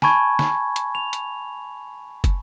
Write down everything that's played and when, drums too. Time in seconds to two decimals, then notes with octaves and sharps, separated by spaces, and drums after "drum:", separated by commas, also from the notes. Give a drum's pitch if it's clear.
0.02 G#5 A5 B5 C#6 G#6, drum: snare
0.39 drum: snare
0.76 drum: hi-hat
0.95 F7
1.13 drum: hi-hat
2.24 drum: kick, hi-hat